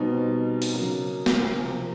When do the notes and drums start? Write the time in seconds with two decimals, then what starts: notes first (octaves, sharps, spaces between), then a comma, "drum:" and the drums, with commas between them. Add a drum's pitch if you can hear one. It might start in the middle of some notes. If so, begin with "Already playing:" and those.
Already playing: B2 G3 C4 D#4
0.62 drum: open hi-hat
0.73 C#3 F#3 A#3
1.26 drum: snare
1.54 C3 F3 A#3